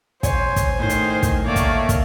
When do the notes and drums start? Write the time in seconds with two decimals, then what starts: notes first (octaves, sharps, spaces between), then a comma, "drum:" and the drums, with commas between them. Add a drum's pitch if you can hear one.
0.23 C5 C#5 G#5, drum: kick, hi-hat
0.56 drum: kick, hi-hat
0.79 A2 D#3 C5
0.89 drum: hi-hat
1.23 drum: kick, hi-hat
1.45 D#3 A3 A#3 C#5 D5
1.56 drum: kick, hi-hat
1.89 drum: kick, hi-hat